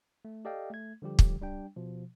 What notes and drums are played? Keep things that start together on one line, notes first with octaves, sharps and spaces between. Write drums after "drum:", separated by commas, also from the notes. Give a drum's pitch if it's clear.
A3
G4 A4 D5 D#5 F5 G5
A3 G#6
D3 F3 G3 G4
drum: kick
G3 D4 G5
B2 F3